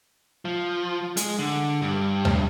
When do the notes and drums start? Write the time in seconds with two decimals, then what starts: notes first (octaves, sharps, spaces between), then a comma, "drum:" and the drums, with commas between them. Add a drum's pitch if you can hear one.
0.45 F3
1.17 G#3, drum: hi-hat
1.39 D3
1.82 G2
2.25 drum: tom D#2